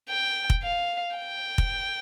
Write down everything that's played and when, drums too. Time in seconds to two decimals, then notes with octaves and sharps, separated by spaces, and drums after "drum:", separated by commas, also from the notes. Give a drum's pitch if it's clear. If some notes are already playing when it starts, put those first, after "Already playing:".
0.10 G5
0.50 drum: kick
0.63 F5
1.17 G5
1.58 drum: kick